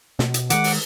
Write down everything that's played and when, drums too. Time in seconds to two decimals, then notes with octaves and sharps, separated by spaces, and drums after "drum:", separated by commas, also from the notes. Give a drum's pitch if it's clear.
0.19 B2, drum: snare
0.34 drum: hi-hat
0.50 D#3 G#3 F#5 D6, drum: hi-hat
0.64 drum: open hi-hat